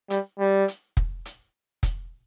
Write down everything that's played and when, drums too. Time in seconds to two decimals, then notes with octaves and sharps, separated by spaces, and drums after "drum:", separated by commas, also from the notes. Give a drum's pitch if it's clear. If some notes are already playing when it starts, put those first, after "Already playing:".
0.10 G3, drum: hi-hat
0.39 G3
0.68 drum: hi-hat
0.97 drum: kick
1.25 drum: hi-hat
1.83 drum: kick, hi-hat